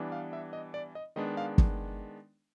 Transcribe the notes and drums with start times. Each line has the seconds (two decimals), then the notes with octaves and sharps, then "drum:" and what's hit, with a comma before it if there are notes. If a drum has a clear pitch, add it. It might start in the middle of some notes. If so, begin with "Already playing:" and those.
Already playing: E3 G3 B3 D4
0.12 F5
0.33 E5
0.53 D#5
0.74 D5
0.95 D#5
1.16 D#3 G#3 B3 D4 D#5
1.37 F5
1.58 drum: kick G1